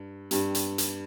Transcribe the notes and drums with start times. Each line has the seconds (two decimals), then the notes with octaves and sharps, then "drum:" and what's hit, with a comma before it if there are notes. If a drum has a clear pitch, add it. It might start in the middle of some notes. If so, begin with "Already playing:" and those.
Already playing: G2
0.31 G2 G3, drum: hi-hat
0.55 drum: hi-hat
0.78 drum: hi-hat